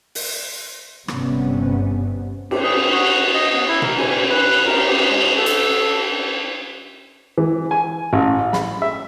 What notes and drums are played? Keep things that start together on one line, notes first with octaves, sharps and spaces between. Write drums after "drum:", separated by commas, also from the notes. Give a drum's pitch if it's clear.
drum: open hi-hat
G1 G2 C3 G3 B3 C#4, drum: rim click
G4, drum: cymbal
G#4
F#4
D#5
B3
E4
A#4, drum: tom A#2
G#5, drum: cymbal
B4
A#4, drum: cymbal
G4
G#3
A4
drum: hi-hat
E3
G#5
A1
B5, drum: snare
E5